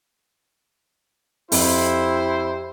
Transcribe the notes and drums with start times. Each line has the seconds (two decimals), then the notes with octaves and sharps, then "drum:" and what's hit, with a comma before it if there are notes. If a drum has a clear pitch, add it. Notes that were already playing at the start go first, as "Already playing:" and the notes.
1.52 F2 E4 G4 C5, drum: open hi-hat